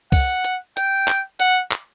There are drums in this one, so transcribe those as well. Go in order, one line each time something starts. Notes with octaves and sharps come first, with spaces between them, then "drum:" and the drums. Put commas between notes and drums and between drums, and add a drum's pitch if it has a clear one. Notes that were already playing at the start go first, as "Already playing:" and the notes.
F#5, drum: kick C2, open hi-hat
drum: hi-hat
G5, drum: hi-hat
drum: clap
F#5, drum: hi-hat
drum: clap